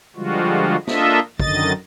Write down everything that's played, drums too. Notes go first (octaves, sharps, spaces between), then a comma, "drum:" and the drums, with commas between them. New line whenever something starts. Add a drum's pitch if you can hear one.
D3 F3 G3 G#3 F4 F#4
A#3 D4 F4 A4 D#5 E5, drum: snare
F#2 D3 D#3 D#5 A6, drum: kick